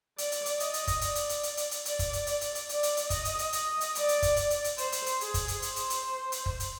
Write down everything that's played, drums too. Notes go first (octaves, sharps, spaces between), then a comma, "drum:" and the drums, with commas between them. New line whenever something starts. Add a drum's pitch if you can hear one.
D5, drum: hi-hat
drum: hi-hat
drum: hi-hat
D#5, drum: hi-hat
drum: hi-hat
drum: kick, hi-hat
D5, drum: hi-hat
drum: hi-hat
drum: hi-hat
drum: hi-hat
drum: hi-hat
drum: hi-hat
D5, drum: hi-hat
drum: kick, hi-hat
drum: hi-hat
D5, drum: hi-hat
drum: hi-hat
drum: hi-hat
D5, drum: hi-hat
drum: hi-hat
drum: hi-hat
D#5, drum: kick, hi-hat
drum: hi-hat
drum: hi-hat
D#5, drum: hi-hat
drum: hi-hat
D5, drum: hi-hat
drum: hi-hat
drum: kick, hi-hat
drum: hi-hat
drum: hi-hat
drum: hi-hat
C5, drum: hi-hat
drum: hi-hat
drum: hi-hat
G#4, drum: hi-hat
drum: kick, hi-hat
drum: hi-hat
C5, drum: hi-hat
drum: hi-hat
drum: hi-hat
drum: hi-hat
drum: kick
drum: hi-hat